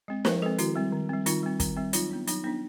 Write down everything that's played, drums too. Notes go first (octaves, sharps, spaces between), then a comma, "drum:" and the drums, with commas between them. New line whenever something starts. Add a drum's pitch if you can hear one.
G#3 C4
F3 A#4 C5, drum: snare
G#3 C4 A4 B4
D#3 E4 F#4, drum: hi-hat
G3 C4
D#3
G3 C4
D#3 D#4 F4, drum: hi-hat
G3 C4
D#3, drum: kick, hi-hat
G3 C4
F#3 D#4 F4, drum: hi-hat
B3 D4
F#3 D#4, drum: hi-hat
B3 D4 D#4